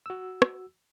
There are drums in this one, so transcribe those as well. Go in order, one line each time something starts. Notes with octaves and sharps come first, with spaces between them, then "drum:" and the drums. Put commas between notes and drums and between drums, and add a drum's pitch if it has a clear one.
F#4 E6
drum: rim click